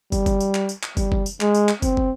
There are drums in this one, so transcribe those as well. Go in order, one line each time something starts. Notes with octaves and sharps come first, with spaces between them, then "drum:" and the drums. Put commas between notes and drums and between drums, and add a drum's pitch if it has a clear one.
G3, drum: kick, tambourine
drum: kick, tambourine
drum: tambourine
drum: clap
drum: tambourine
drum: clap
G3, drum: kick, tambourine
drum: kick
drum: tambourine
G#3, drum: clap
drum: tambourine
drum: clap
C4, drum: kick, tambourine
drum: kick